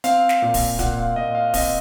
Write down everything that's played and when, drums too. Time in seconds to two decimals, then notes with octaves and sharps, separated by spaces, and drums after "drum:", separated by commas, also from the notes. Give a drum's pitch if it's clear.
0.04 C4 F5, drum: hi-hat
0.29 drum: snare
0.42 A#2
0.54 drum: kick D1, open hi-hat
0.79 A#2 F#5, drum: kick D1, hi-hat
0.98 F5
1.16 A#2 D#5
1.35 F5
1.54 C4 D#5, drum: kick D1, open hi-hat